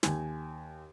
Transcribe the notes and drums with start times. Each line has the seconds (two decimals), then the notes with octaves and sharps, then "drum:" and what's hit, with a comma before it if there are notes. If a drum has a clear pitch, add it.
0.03 D#2 G#5, drum: snare